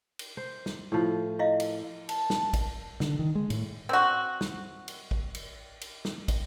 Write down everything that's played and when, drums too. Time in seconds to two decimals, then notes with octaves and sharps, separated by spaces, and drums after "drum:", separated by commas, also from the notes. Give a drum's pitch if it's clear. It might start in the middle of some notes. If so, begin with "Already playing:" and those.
0.19 drum: cymbal
0.37 C5
0.66 drum: snare
0.92 A2 F3
1.39 E4 D#5 F5
1.60 drum: cymbal
2.09 A5, drum: cymbal
2.30 drum: snare
2.53 drum: kick, cymbal
3.00 D3, drum: snare
3.19 D#3
3.35 G#3
3.50 A2, drum: cymbal
3.89 C4 F#4
4.41 drum: snare
4.88 drum: cymbal
5.11 drum: kick
5.35 drum: cymbal
5.81 drum: cymbal
6.05 drum: snare
6.28 drum: kick, cymbal